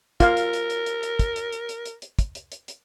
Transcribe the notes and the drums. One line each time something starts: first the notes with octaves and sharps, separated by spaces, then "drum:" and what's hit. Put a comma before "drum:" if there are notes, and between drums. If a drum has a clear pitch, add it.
F4 A#4 F5, drum: kick, hi-hat
drum: hi-hat
drum: hi-hat
drum: hi-hat
drum: hi-hat
drum: hi-hat
drum: kick, hi-hat
drum: hi-hat
drum: hi-hat
drum: hi-hat
drum: hi-hat
drum: hi-hat
drum: kick, hi-hat
drum: hi-hat
drum: hi-hat
drum: hi-hat